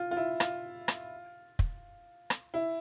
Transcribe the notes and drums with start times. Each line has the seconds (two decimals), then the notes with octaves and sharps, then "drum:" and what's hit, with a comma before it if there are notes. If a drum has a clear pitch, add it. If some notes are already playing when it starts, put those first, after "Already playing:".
Already playing: F4
0.11 F4
0.17 E4
0.40 F4, drum: rim click
0.88 drum: rim click
1.59 drum: kick
2.30 drum: rim click
2.54 E4